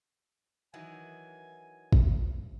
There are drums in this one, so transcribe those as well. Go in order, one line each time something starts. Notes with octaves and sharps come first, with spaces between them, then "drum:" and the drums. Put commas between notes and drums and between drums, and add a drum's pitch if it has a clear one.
D#3 E3 F#3 G#5
drum: kick